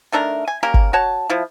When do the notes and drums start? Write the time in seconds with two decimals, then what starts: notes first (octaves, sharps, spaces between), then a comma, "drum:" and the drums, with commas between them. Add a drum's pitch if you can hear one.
0.12 D#3 A3 D4 A#4
0.48 G#5
0.63 A#3 C#4 G4 A#4
0.74 drum: kick G1
0.93 F#4 C#5 A5
1.29 F3 E4